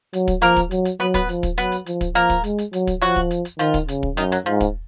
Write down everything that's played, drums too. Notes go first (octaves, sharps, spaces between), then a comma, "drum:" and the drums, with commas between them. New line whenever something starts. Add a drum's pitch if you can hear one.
F#3, drum: hi-hat
drum: kick, hi-hat
F3 A#3 A#4, drum: hi-hat
drum: kick, hi-hat
F#3, drum: hi-hat
drum: hi-hat
F#3 B3 B4
B3 B4, drum: kick, hi-hat
F3, drum: hi-hat
drum: kick, hi-hat
F#3 B3 B4, drum: hi-hat
drum: hi-hat
F3, drum: hi-hat
drum: kick, hi-hat
F3 A#3 A#4, drum: hi-hat
drum: kick, hi-hat
G#3, drum: hi-hat
drum: hi-hat
F#3, drum: hi-hat
drum: kick, hi-hat
F3 F#3 F#4, drum: hi-hat
drum: kick
drum: hi-hat
drum: hi-hat
D#3 F3 F4, drum: hi-hat
drum: kick, hi-hat
C#3, drum: hi-hat
drum: kick
F#2 D#3 D#4, drum: hi-hat
F#3, drum: hi-hat
G#2 F3
drum: kick, hi-hat